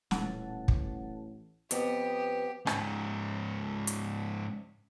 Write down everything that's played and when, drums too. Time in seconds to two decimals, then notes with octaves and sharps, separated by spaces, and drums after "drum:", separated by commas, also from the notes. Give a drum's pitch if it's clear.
0.11 D#1 A1 F#5 A5, drum: snare
0.68 drum: kick
1.71 F2 B3 G4, drum: hi-hat
2.67 G#2 C#4, drum: rim click
3.87 drum: hi-hat